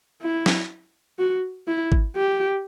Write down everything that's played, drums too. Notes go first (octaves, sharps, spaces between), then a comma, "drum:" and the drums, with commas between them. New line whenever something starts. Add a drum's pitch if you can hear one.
E4
drum: snare
F#4
E4
drum: kick G#1
G4